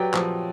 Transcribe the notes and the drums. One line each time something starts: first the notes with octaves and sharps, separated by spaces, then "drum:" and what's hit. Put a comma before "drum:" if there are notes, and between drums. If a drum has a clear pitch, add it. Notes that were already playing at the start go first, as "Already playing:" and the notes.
Already playing: F#3 G4 B4 D5 G5
F3, drum: clap